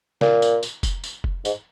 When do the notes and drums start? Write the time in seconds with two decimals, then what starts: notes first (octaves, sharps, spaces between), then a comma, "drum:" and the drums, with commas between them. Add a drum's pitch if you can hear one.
0.21 A#2, drum: snare
0.42 drum: tambourine
0.63 drum: tambourine
0.83 drum: kick F1, tambourine
1.04 drum: tambourine
1.24 drum: kick F1
1.45 G#2, drum: tambourine